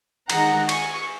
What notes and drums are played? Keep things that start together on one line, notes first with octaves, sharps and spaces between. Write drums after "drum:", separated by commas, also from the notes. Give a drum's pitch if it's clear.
D#3 G#3 D#4 F#5 A#5, drum: cymbal
G#5 C#6, drum: cymbal